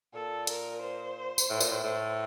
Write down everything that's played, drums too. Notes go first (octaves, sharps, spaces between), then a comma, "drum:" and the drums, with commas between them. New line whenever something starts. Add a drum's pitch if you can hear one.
A#2 A4
A#4, drum: hi-hat
C5
drum: tambourine
A2
A#2, drum: tambourine
A2
A2 C5